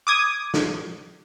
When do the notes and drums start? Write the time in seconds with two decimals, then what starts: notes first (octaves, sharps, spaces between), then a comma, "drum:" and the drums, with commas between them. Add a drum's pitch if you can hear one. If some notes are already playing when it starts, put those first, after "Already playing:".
0.07 D6 D#6 G#6
0.54 drum: snare